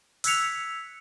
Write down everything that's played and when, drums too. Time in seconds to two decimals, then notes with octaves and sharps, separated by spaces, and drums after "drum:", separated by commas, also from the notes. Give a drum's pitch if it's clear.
0.24 E6 F#6 G#6 B6 C#7 F7, drum: open hi-hat